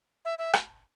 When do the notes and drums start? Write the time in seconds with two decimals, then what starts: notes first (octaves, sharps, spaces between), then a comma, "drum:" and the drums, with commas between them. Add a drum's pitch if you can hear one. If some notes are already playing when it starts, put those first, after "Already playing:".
0.25 E5
0.39 E5
0.53 drum: rim click